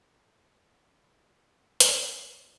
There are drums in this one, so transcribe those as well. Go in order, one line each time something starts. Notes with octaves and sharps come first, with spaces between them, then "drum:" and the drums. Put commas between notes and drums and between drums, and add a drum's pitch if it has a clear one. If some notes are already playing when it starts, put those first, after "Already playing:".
C3 A4
A3 D5
C3 E5
F2 D5
D5
A3
E5
C3 D5
F2 B4
F3
drum: hi-hat